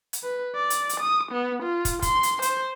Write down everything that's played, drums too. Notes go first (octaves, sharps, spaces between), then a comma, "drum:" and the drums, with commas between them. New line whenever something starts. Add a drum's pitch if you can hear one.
drum: hi-hat
B4
D5
drum: hi-hat
drum: hi-hat
D#6
B3
F4
drum: kick, hi-hat
C6, drum: kick, hi-hat
drum: hi-hat
C5, drum: hi-hat